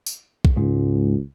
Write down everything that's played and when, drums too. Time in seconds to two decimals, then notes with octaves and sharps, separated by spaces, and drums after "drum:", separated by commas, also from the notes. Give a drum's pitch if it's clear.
0.06 drum: tambourine
0.45 drum: kick
0.57 C#2 G#2